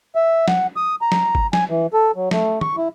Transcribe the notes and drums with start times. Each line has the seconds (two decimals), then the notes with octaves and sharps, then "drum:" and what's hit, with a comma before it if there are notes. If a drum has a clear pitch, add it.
0.15 E5
0.48 F#5, drum: snare
0.76 D#6
1.01 A#5
1.12 drum: snare
1.35 drum: kick
1.53 G#5, drum: snare
1.69 E3
1.93 A4
2.16 F#3
2.31 A3, drum: snare
2.61 C#6, drum: tom
2.77 E4